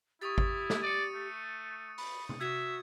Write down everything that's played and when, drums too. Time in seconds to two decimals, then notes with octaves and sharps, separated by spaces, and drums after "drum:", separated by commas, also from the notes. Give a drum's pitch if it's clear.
0.21 E4 G4 C#6 D#6 A6
0.38 drum: kick G#1
0.70 drum: snare
0.83 D5 C#7 D#7
1.15 A3
1.98 B5, drum: open hi-hat
2.29 drum: tom C3
2.41 F#4 E5 G#6